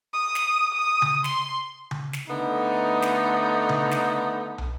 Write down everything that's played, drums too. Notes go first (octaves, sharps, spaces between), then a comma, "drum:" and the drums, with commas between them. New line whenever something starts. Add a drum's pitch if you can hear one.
D#6
drum: snare
D#6
drum: tom C#3
C6, drum: snare
drum: tom C#3
drum: snare
D3 A3 B3 D#4
drum: snare
drum: tom C#3
drum: snare
drum: tom